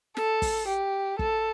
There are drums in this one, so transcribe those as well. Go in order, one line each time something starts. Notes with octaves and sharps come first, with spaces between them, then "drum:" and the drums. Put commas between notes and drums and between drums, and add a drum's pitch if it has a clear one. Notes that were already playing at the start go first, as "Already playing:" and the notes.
A4, drum: snare
drum: kick, open hi-hat
G4
A4, drum: kick